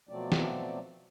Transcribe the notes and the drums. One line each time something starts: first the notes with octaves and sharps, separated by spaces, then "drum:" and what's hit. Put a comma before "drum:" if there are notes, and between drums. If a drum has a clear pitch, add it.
B2 F3 F#3 A3 C4 D5
drum: snare